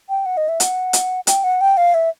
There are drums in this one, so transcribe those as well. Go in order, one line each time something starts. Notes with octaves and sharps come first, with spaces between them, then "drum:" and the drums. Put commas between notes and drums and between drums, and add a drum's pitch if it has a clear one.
G5
F#5
D#5
E5
F#5, drum: hi-hat
drum: hi-hat
G5, drum: hi-hat
F#5
G5
F5
E5